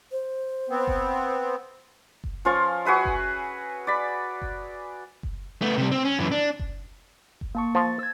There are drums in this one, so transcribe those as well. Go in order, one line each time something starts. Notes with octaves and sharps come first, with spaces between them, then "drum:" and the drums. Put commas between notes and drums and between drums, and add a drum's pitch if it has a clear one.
C5
B3 C4
drum: kick F#1
drum: kick F#1
F3 C#4 F4 C#6
F#4 G#4 B4 E5
drum: kick F#1
D5 B5
drum: kick F#1
drum: kick F#1
A3 B3
C3 G3
C4
C#4
F#2 E3
D4
drum: kick F#1
drum: kick F#1
A#3 A5 C#6
F3 A6
E6 G#6